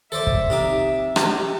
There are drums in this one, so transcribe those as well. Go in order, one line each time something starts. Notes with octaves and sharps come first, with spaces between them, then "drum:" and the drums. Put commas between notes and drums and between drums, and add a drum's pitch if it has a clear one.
A4 C5 D5 E5
drum: kick
C3 D#4 D6
G4, drum: rim click